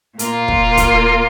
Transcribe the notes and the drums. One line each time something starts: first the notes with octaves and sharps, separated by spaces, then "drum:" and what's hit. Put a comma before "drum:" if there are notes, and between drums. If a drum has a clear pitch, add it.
A#2 A#3 F4, drum: hi-hat
drum: kick
drum: kick, hi-hat